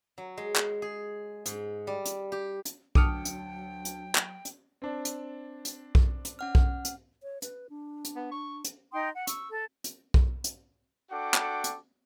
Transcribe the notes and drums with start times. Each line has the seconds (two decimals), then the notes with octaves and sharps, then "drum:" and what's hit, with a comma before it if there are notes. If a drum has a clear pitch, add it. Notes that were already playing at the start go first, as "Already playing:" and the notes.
0.18 F#3
0.37 G#3
0.56 drum: clap
0.82 G#4
1.46 G#2, drum: hi-hat
1.87 G3
2.06 drum: hi-hat
2.32 G4
2.65 drum: hi-hat
2.95 D2 F#3 G5 A5 D6 D#6 F6 C#7, drum: kick B1
3.25 drum: hi-hat
3.85 drum: hi-hat
4.15 drum: clap
4.45 drum: hi-hat
4.82 C4 D4
5.05 drum: hi-hat
5.65 drum: hi-hat
5.95 drum: kick B1
6.25 drum: hi-hat
6.39 C#4 F#5 F6
6.55 drum: kick B1
6.85 drum: hi-hat
7.23 C#5
7.42 B4, drum: hi-hat
7.70 D4
8.05 drum: hi-hat
8.16 B3
8.31 C#6
8.64 drum: hi-hat
8.92 D#4 G5 C6 D#6
9.14 F#5
9.27 C#6 E6, drum: hi-hat
9.49 A4
9.84 drum: hi-hat
10.14 drum: kick B1
10.44 drum: hi-hat
11.11 D4 F#4 A4 F#5 G5 D6
11.34 drum: clap
11.64 drum: hi-hat